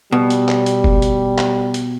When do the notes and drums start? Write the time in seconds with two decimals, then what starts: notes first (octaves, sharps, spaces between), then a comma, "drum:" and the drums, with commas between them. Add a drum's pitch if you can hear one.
0.12 B2 G3
0.30 drum: hi-hat
0.48 drum: clap
0.66 drum: hi-hat
0.84 drum: kick
1.02 drum: hi-hat
1.38 drum: clap
1.74 drum: hi-hat